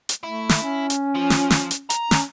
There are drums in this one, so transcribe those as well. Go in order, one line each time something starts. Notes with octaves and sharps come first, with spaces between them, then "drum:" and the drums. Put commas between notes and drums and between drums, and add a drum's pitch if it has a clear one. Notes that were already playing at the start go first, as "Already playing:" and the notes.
drum: hi-hat
A3 E4
drum: snare
C#4
drum: hi-hat
F3
drum: snare
drum: snare
drum: hi-hat
A#5, drum: hi-hat
C#4, drum: snare